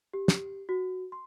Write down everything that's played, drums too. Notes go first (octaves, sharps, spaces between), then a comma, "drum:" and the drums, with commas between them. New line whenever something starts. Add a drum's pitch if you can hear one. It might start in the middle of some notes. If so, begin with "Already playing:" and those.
G4
drum: snare
F#4
C6